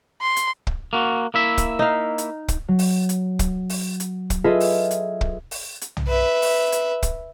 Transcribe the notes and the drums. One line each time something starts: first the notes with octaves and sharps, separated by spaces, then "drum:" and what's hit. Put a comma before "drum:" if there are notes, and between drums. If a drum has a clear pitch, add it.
C6
drum: hi-hat
drum: kick
A#3 F#4
A#3 E4 E5
drum: kick, hi-hat
D#4 F5
drum: hi-hat
drum: kick, hi-hat
F#3
drum: open hi-hat
drum: hi-hat
drum: kick, hi-hat
drum: open hi-hat
drum: hi-hat
drum: kick, hi-hat
F4 G#4 A4 B4 D#5 E5
drum: open hi-hat
drum: hi-hat
drum: kick
drum: open hi-hat
drum: hi-hat
drum: tom
B4 E5
drum: open hi-hat
drum: hi-hat
drum: kick, hi-hat